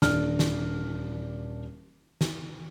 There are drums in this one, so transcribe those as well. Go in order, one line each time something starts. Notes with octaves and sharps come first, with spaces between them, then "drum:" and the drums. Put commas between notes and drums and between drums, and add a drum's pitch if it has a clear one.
D#1 D4 F6, drum: snare
drum: snare
drum: snare